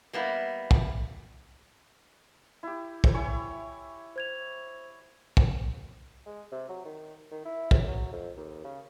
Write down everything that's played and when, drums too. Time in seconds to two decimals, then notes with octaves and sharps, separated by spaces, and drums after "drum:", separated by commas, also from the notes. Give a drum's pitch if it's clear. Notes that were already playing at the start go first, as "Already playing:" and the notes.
0.13 G3 A#3 B3 E4
0.71 drum: kick
2.63 E4 G4
3.04 drum: kick
3.14 E4 C#5 G#5
4.16 C5 G#6 F7
5.37 drum: kick
6.26 G#3
6.52 C3
6.69 F#3
6.85 D#3
7.31 D#3
7.45 E4
7.71 F#2, drum: kick
7.87 F#3
8.12 F2
8.37 D#2
8.64 C#3